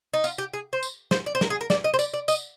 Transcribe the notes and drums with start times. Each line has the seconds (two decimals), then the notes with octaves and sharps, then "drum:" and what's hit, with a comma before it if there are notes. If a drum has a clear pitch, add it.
0.14 D#4
0.24 F4, drum: tambourine
0.38 G4
0.53 G#4
0.73 C5
0.83 drum: tambourine
1.11 C5, drum: snare
1.26 D5
1.35 C5
1.41 A#4, drum: snare
1.50 G#4
1.61 A#4
1.70 D5, drum: snare
1.84 D#5
1.94 C5
1.99 D5, drum: tambourine
2.14 D5
2.28 D#5, drum: tambourine